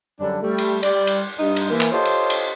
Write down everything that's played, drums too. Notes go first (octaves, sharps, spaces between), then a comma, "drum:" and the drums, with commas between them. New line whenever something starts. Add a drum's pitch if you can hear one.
F#2 D3 G3 D4
G3 A3
drum: cymbal
G3 D5, drum: cymbal
drum: cymbal
G2 D#4
drum: cymbal
E3 A#3
drum: clap
F4 G4 A4 C5 C#5 D#5
drum: cymbal
drum: cymbal